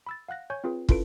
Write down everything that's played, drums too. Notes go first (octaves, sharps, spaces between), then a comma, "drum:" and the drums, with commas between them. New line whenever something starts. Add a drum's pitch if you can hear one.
B5 E6 A6
F5 F#5 F#6 A#6
C#5 G#5 C#6 G6 G#6
C4 F4 G#4 B4
C#4 E4 F4 A4 B4 D7, drum: kick